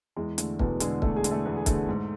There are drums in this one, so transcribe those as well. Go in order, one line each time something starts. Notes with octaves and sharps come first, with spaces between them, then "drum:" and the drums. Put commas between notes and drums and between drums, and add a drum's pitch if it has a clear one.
E2 G#3
D3 A3, drum: hi-hat
E2 B2 B3, drum: kick
D3 G#3 G#4, drum: hi-hat
E2 A3 A4, drum: kick
G#3 G#4
D3, drum: hi-hat
A3 A4
E2 B3 B4
G#4
D3 A3 A4, drum: kick, hi-hat
G#2